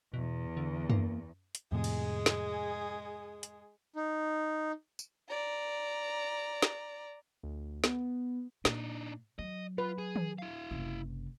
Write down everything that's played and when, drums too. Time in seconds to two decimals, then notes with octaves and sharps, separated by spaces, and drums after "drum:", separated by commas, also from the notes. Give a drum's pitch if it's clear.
0.14 E2 B2
0.57 D3
0.90 A#3, drum: tom F#2
1.55 drum: hi-hat
1.72 F2 A2 C3 G#3 G#4
1.84 drum: cymbal
2.26 drum: snare
3.43 drum: hi-hat
3.96 D#4
4.99 drum: tambourine
5.30 D5 A#5
6.62 drum: snare
7.43 D2
7.84 B3, drum: snare
8.65 A#2 D4 D#4, drum: snare
9.39 F#3 D#5
9.78 F4 B4
9.98 G#4
10.16 drum: tom D#3
10.38 E4 F5
10.71 F#1 C3